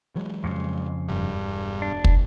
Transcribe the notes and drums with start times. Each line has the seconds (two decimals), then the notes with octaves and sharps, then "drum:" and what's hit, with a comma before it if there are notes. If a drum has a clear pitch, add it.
0.15 E3 F#3 G#3
0.44 F2 A2 C#3
1.08 E1 G2
1.82 D4
2.04 drum: kick